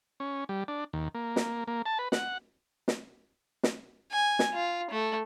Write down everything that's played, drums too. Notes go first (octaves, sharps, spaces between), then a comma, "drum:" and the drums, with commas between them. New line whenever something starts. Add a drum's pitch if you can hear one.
C#4
G3
D4
D#2
A#3
drum: snare
A#3
A5
B4
F#5, drum: snare
drum: snare
drum: snare
G#5
drum: snare
F4
A3